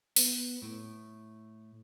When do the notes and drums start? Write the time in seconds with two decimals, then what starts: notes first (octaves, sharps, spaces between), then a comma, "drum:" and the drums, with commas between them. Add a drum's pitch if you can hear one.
0.16 B3, drum: open hi-hat
0.62 A2